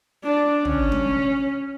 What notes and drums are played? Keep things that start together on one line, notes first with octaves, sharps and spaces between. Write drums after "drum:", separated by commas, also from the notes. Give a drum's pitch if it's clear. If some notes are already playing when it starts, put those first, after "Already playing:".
D4
C#4, drum: tom
drum: tom